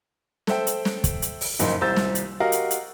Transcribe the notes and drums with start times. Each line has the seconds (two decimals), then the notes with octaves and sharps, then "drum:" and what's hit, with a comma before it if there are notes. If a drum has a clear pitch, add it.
0.47 A4 C5 E5 G5, drum: snare
0.67 drum: hi-hat
0.85 drum: snare
1.04 drum: kick, hi-hat
1.22 drum: hi-hat
1.41 drum: open hi-hat
1.59 F#1 F2 A#2 D#4 C6, drum: hi-hat
1.81 D#1 C2 C5 E6 G6 A6
1.96 drum: snare
2.15 drum: hi-hat
2.40 F#4 G4 A#4 D#5 F5 F#5
2.52 drum: hi-hat
2.71 drum: hi-hat